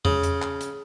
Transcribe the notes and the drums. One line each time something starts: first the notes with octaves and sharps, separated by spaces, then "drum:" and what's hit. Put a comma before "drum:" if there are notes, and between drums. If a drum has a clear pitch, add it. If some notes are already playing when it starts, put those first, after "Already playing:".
C#3, drum: tom E2
drum: hi-hat
drum: clap
drum: hi-hat